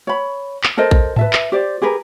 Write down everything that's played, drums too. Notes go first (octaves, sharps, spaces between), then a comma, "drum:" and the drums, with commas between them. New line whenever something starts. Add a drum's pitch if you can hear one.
C#5 B5
drum: clap
A4 A#4 C5 D#5
drum: kick A#1
B4 E5 A5, drum: tom G#2
drum: clap
G4 C5 D5
G4 G#4 A#4 B4